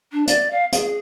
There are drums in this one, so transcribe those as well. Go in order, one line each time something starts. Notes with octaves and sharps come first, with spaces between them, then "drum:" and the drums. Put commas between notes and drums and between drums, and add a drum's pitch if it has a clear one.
D4
D5, drum: hi-hat
F5
G#4, drum: hi-hat